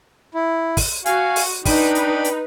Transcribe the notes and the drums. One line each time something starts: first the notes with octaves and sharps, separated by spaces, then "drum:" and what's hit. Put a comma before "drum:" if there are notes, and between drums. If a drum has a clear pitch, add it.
E4
drum: kick, open hi-hat
F#4 F5 G#5, drum: hi-hat
drum: open hi-hat
D4 D#4 B4 G5 B5, drum: kick, open hi-hat
drum: hi-hat
drum: hi-hat